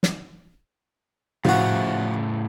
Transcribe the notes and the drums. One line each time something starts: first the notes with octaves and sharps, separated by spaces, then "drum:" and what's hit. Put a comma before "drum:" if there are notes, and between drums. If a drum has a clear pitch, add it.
drum: snare
A2 C#3 F3 F#4, drum: tom A2